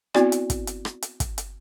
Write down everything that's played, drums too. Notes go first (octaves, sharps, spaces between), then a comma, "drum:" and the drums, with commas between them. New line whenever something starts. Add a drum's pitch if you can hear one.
B3 C4 E4 F#4 D5 G#5, drum: rim click
drum: hi-hat
drum: kick, hi-hat
drum: hi-hat
drum: rim click
drum: hi-hat
drum: kick, hi-hat
drum: hi-hat